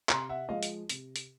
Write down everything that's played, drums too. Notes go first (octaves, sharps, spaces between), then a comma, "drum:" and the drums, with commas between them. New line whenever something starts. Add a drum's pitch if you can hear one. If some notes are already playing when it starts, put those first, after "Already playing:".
C3 A#5 C6, drum: clap
E5 F#5
F3 G#3 D#5 F5
drum: hi-hat
C3, drum: hi-hat
drum: hi-hat